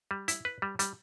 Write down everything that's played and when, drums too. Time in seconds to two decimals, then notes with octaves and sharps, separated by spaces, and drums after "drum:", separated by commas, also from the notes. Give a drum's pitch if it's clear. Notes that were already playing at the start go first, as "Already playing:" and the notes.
0.11 G3
0.28 E4, drum: hi-hat
0.45 B4
0.62 G3
0.79 G3, drum: hi-hat